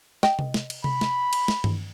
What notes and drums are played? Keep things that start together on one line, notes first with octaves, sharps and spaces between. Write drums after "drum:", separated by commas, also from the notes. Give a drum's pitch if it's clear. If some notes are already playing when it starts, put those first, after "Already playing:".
D#5 G5, drum: snare
drum: tom C3
drum: snare
drum: cymbal
B5, drum: tom C3
drum: snare
drum: cymbal
drum: snare
drum: tom G2